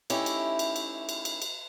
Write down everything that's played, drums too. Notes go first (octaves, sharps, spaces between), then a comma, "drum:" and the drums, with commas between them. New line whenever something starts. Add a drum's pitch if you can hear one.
A3 C#4 D#4 E4 G4, drum: cymbal
drum: cymbal
drum: cymbal
drum: cymbal
drum: cymbal
drum: cymbal
drum: cymbal